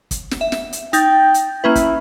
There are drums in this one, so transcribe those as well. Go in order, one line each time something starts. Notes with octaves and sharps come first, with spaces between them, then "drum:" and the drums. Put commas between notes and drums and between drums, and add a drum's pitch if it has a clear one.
drum: kick, hi-hat
drum: snare
E5
drum: snare
drum: hi-hat
D#4 G5 G6 A6, drum: hi-hat
drum: hi-hat
A#3 C#4 E4 B4
drum: kick, hi-hat